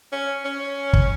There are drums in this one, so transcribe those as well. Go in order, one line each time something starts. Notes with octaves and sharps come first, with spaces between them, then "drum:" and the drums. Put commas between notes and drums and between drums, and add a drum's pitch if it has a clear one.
C#4
C#4
drum: kick